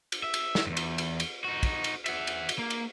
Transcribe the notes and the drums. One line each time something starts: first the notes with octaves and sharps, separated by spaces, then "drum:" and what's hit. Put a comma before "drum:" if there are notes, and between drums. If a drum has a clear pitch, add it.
drum: cymbal
E5
drum: cymbal
drum: snare
E2 G2
drum: cymbal
drum: cymbal
drum: cymbal
D#4 F#4
drum: kick, cymbal
drum: cymbal
E5 F#5, drum: cymbal
drum: cymbal
drum: cymbal
A#3
drum: cymbal